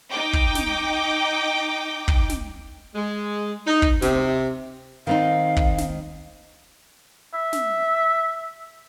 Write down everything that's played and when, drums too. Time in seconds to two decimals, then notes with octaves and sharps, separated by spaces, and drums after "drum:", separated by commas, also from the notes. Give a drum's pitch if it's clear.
0.11 D#4 G5 D6
0.33 drum: kick
0.55 drum: snare
2.08 drum: kick
2.30 drum: snare
2.95 G#3
3.67 D#4
3.82 drum: kick
4.02 C3, drum: snare
5.07 D#3 C4 D#4 F5
5.56 drum: kick
5.78 drum: snare
7.34 E5
7.53 drum: snare